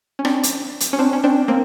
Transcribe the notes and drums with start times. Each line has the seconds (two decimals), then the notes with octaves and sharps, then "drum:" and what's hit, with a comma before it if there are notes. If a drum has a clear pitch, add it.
0.19 C#4
0.25 C4 D4, drum: rim click
0.43 drum: hi-hat
0.80 drum: hi-hat
0.93 C#4
0.99 C4 D4
1.13 C#4
1.24 C4 D4
1.48 A#3 C4